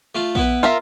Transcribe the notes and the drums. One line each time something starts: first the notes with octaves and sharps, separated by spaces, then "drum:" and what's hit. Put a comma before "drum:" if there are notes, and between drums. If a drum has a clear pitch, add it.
A3 F4
B3 E4 B4, drum: kick A#1
F4 A#4 E5